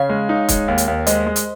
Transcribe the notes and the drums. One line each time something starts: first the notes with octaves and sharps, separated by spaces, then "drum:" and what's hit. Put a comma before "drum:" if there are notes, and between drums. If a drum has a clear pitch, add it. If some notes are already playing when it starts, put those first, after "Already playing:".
Already playing: C#3 C#5 F5
G#3
D#4
G#3, drum: kick, hi-hat
D#2
drum: hi-hat
D#2
G#3 C5 D#5, drum: hi-hat
G#3
drum: hi-hat